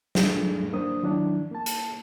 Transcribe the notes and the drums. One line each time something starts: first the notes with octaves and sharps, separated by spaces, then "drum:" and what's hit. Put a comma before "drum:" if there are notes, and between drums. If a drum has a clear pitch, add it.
F#3 G3 A3 D4 F4 G#4, drum: snare
A#3 D4 C5 D#6
D#3 F3 F#3 D4 E4
A#3 A5
drum: hi-hat